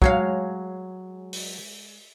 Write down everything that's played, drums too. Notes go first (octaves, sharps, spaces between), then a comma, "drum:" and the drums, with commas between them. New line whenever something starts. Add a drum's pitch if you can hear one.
F#3 G#3 C#5 F5, drum: kick
drum: open hi-hat